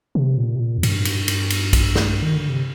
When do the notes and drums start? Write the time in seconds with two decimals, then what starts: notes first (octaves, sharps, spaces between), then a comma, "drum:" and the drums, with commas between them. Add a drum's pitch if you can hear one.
0.15 C3
0.37 A#2
0.56 C3
0.60 A#2
0.78 F2
0.83 G2, drum: cymbal
1.05 drum: cymbal
1.28 drum: cymbal
1.50 drum: cymbal
1.73 drum: kick B1, cymbal
1.95 drum: snare
2.22 D#3
2.36 D3
2.49 C3